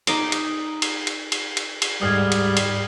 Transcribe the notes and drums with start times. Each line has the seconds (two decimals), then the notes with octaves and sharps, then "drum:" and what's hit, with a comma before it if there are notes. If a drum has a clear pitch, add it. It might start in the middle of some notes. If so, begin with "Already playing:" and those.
0.07 D#4 D#5 D6, drum: cymbal
0.32 drum: cymbal
0.82 drum: cymbal
1.07 drum: cymbal
1.32 drum: cymbal
1.57 drum: cymbal
1.82 drum: cymbal
2.02 D2 G#2 G3 D#6 F6 G#6
2.32 drum: cymbal
2.57 drum: cymbal